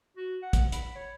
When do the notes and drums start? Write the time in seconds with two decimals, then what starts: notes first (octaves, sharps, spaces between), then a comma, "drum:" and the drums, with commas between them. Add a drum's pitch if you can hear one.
0.17 F#4
0.42 F#5
0.53 drum: kick, hi-hat
0.72 B5, drum: hi-hat
0.95 C#5